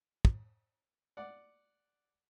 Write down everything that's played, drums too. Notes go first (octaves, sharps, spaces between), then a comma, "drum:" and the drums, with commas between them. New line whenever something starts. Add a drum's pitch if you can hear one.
drum: kick
D5 F#5